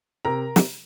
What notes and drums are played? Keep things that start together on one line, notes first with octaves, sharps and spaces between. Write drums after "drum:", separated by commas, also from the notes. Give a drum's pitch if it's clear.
C3 A#4 A#5
drum: snare